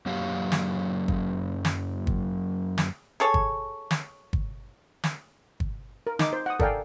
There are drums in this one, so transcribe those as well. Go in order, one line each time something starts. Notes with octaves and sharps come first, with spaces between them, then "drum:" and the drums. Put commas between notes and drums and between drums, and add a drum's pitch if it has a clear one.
F#2 F#3 A#3 G4 F5
drum: snare
drum: kick
drum: snare
drum: kick
drum: snare
G#4 A4 C#5
drum: kick
drum: snare
drum: kick
drum: snare
drum: kick
A#4
D#4 D6, drum: snare
C5
F#5 D#6
A4 A#4 D5 F5 G5 G#5, drum: kick